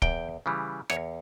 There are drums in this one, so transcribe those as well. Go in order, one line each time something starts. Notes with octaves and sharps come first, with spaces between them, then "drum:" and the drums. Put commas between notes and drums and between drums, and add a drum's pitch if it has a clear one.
E2 G5, drum: kick
C#3 E3 G3
E2 C#5, drum: rim click